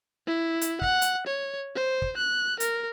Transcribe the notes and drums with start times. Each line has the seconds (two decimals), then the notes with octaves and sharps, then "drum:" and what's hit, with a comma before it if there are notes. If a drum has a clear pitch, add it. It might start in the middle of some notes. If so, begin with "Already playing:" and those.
0.27 E4
0.61 drum: hi-hat
0.82 F#5, drum: kick
1.02 drum: hi-hat
1.27 C#5
1.75 C5
2.02 drum: kick
2.17 F#6
2.60 A#4, drum: hi-hat